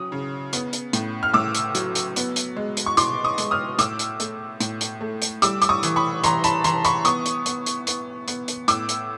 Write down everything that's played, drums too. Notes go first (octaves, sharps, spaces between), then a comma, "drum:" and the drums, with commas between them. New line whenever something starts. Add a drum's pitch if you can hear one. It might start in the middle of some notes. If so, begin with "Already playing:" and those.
Already playing: F#3 C#4 D#6
C#3
B3, drum: hi-hat
drum: hi-hat
A2, drum: hi-hat
F6
A2 D6 E6
drum: hi-hat
F#3, drum: hi-hat
drum: hi-hat
B3, drum: hi-hat
drum: hi-hat
G#3
drum: hi-hat
C#6
B2 C6 D6, drum: hi-hat
C#6 D#6
G#3, drum: hi-hat
D#6 F6
A2 D6 E6, drum: hi-hat
drum: hi-hat
A3, drum: hi-hat
A2, drum: hi-hat
drum: hi-hat
A3
drum: hi-hat
G3 D6 E6, drum: hi-hat
D6, drum: hi-hat
C#6 D#6
E3, drum: hi-hat
B5 C#6
E3 A#5 C6, drum: hi-hat
A5 B5, drum: hi-hat
E3 A#5 C6, drum: hi-hat
B5 C#6, drum: hi-hat
B3 C#6 D#6, drum: hi-hat
drum: hi-hat
B3, drum: hi-hat
drum: hi-hat
B3, drum: hi-hat
B3, drum: hi-hat
drum: hi-hat
A2 D6 E6, drum: hi-hat
drum: hi-hat